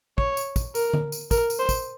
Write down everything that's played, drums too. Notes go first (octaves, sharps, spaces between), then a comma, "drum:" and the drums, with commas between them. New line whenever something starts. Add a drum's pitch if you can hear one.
C#5, drum: kick
drum: tambourine
drum: kick, tambourine
A#4, drum: tambourine
drum: tom D3
drum: tambourine
A#4, drum: kick, tambourine
drum: tambourine
C5
drum: kick, tambourine